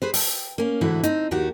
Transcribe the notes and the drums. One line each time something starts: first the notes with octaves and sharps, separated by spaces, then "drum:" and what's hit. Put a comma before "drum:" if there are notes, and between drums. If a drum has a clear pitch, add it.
G#4 B4 C5
G5, drum: open hi-hat
A#3 C#4
D2 G#2 D3 E3 E4 F#4
C4 D#4, drum: hi-hat
D#2 D#3 F#4 G4